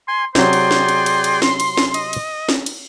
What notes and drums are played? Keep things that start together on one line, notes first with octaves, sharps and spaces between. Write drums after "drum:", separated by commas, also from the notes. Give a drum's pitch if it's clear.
G#5 C6
C3 F#3 G#4 D5 G5 C6, drum: snare
drum: cymbal
drum: snare
drum: cymbal
drum: cymbal
drum: cymbal
drum: snare
drum: cymbal
drum: snare
D#5, drum: cymbal
drum: cymbal
drum: snare
drum: cymbal